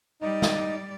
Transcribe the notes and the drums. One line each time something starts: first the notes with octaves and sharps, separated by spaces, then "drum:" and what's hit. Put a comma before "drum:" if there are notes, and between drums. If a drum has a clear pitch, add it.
G3 D#4 D5
drum: snare